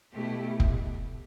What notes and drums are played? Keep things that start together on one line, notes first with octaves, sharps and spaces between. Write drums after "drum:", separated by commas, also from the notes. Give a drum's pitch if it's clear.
B2 A3 E4 G4
drum: kick